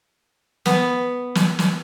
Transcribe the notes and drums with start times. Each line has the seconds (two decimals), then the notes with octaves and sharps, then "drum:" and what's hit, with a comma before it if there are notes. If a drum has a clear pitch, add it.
0.66 B3, drum: snare
1.35 drum: snare
1.59 drum: snare